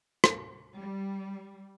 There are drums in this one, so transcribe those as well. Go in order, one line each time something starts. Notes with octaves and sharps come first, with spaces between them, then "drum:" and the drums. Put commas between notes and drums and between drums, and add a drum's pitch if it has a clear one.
drum: rim click
G3